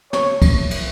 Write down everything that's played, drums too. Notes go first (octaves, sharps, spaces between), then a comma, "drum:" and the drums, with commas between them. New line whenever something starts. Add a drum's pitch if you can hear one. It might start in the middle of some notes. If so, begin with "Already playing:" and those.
C#5, drum: snare
drum: kick, cymbal
drum: cymbal